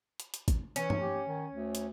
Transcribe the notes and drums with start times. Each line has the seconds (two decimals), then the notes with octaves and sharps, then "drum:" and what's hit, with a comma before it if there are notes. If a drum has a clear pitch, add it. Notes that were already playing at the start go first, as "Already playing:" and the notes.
0.20 drum: hi-hat
0.34 drum: hi-hat
0.48 drum: kick, hi-hat
0.76 E3 C#4, drum: hi-hat
0.90 drum: tom
1.00 G4
1.27 D#3
1.52 D2
1.75 drum: hi-hat